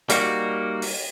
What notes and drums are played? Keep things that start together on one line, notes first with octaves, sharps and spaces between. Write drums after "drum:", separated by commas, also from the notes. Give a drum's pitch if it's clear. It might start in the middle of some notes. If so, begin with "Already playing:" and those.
G3 A#3 D#4 F#4, drum: hi-hat
drum: open hi-hat